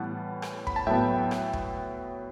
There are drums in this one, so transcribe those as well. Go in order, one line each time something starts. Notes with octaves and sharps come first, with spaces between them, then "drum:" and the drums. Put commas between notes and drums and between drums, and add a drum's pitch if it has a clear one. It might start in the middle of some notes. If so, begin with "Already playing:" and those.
Already playing: A2 E3 G3 B3 F#5 A5
drum: rim click
B5, drum: kick
A5
A2 F#3 B3 E5 G5
drum: rim click
drum: kick